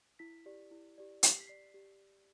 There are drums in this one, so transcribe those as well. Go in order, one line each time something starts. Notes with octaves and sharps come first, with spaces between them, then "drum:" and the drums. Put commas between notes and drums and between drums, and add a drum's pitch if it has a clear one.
E4 B6
G4 D5
E4
G4 D5
G4, drum: hi-hat
C7
B6
D5 C7
G4